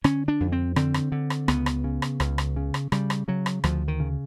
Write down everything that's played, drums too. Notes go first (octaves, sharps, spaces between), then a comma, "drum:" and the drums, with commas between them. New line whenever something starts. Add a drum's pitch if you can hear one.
D3 C#4, drum: rim click
D4
F2
C4
D3 C4, drum: rim click
drum: rim click
D3
drum: rim click
C#2 B3, drum: rim click
drum: rim click
C#3
drum: rim click
C#2, drum: rim click
drum: rim click
C#3
drum: rim click
C#3 G3, drum: rim click
drum: rim click
C#3 F#3
drum: rim click
D2 F3, drum: rim click
D#3
C#3